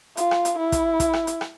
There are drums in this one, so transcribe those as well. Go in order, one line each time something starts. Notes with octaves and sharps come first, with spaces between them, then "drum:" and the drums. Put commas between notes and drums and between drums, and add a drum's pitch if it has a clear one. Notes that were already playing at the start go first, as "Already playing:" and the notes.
F4, drum: hi-hat
drum: rim click
drum: hi-hat
E4
drum: kick, hi-hat
drum: kick, hi-hat
drum: rim click
drum: hi-hat
drum: rim click